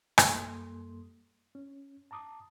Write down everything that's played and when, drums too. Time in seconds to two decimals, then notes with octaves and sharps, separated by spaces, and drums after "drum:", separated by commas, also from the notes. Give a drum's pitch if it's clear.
0.18 F#2 G3 A#3 A4 C6 D#6, drum: rim click
1.55 C#4
2.11 A5 A#5 D6 D#6